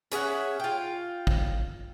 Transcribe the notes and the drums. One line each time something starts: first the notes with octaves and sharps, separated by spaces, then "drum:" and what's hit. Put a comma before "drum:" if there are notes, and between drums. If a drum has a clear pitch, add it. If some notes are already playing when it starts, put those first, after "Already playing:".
C#4 G#4 E5 F#5, drum: hi-hat
F4 G5
drum: kick